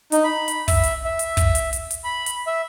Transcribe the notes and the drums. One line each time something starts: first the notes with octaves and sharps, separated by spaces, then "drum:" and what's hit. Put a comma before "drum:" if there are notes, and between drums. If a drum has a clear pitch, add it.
D#4, drum: hi-hat
B5
drum: hi-hat
E5, drum: kick, open hi-hat
drum: hi-hat
E5
drum: hi-hat
drum: kick, hi-hat
drum: hi-hat
drum: hi-hat
drum: hi-hat
B5
drum: hi-hat
E5